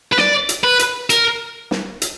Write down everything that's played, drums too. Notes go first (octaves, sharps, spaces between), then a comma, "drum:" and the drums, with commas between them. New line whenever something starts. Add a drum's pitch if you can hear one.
B4
D5, drum: snare
drum: hi-hat
B4
drum: hi-hat
A#4, drum: hi-hat
drum: snare
drum: hi-hat